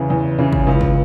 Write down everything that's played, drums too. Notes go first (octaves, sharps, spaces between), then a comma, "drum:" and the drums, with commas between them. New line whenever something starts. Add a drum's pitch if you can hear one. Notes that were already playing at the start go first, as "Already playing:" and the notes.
Already playing: E2 C#3 E3
E2
C#3 E3
drum: kick
C#2
drum: kick